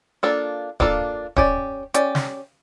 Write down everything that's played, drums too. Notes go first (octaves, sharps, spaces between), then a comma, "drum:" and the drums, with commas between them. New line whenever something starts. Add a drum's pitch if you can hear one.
A#3 D4 F4 A4
A#3 D4 F4 A4, drum: kick D1
C#4 G4 D5, drum: kick D1
C#4 G4 D5, drum: hi-hat
drum: snare